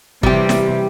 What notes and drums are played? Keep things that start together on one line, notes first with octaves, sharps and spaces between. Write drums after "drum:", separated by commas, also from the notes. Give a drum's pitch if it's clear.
C3 E3 G3 G4, drum: kick
drum: snare